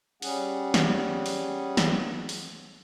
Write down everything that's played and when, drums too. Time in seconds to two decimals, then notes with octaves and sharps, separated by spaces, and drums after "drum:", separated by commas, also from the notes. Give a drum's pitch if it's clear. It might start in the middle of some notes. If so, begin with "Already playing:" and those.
0.22 G3 C#4 G#4 F#5, drum: open hi-hat
0.74 drum: snare
1.26 drum: open hi-hat
1.77 drum: snare
2.29 drum: open hi-hat